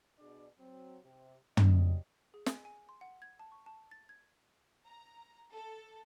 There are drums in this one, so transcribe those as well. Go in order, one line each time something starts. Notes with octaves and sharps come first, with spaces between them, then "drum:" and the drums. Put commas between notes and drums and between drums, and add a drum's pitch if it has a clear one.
B2 D4 G#4 D5
F#3 C4
C3
F#3 D#4 G4 D5 D#5, drum: tom
G#4
G#5, drum: snare
G#5
C6
F#5
G#6
A5
C#6
A5
A6
G#6
A#5
A4